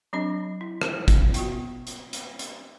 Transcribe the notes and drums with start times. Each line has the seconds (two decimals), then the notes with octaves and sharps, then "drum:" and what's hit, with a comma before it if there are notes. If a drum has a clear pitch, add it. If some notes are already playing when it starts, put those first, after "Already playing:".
0.13 F#3 C4 D4 D#5 B5
0.61 E4
0.82 drum: rim click
1.08 drum: kick, hi-hat
1.34 B3 F4 F#4, drum: hi-hat
1.87 drum: hi-hat
2.13 drum: hi-hat
2.39 drum: hi-hat